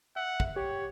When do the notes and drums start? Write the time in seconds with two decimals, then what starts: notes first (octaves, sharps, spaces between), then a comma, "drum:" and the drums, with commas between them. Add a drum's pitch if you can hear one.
0.16 E5 F#5
0.40 drum: kick
0.56 G4 C#5